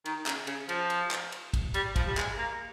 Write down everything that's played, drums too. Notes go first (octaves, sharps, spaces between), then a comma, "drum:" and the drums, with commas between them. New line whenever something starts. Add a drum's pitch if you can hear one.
D#3, drum: cymbal
C#3, drum: clap
C#3, drum: cymbal
F3, drum: cymbal
drum: cymbal
drum: clap
drum: cymbal
drum: kick, cymbal
G3, drum: cymbal
F3, drum: kick, cymbal
G3
G#3, drum: clap
A#3